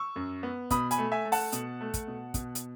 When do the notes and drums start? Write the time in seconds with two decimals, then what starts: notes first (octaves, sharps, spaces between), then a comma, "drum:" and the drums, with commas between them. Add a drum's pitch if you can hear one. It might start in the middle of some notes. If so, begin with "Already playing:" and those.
Already playing: C#6 E6
0.16 F#2
0.43 B3
0.71 B2 B5 D#6, drum: kick, hi-hat
0.91 G#5 B5, drum: hi-hat
0.98 A3
1.12 E5 G#5
1.25 A3
1.32 F#5 A5, drum: open hi-hat
1.52 B2, drum: hi-hat
1.81 A3
1.94 drum: kick, hi-hat
2.07 B2
2.34 B2, drum: kick, hi-hat
2.55 drum: hi-hat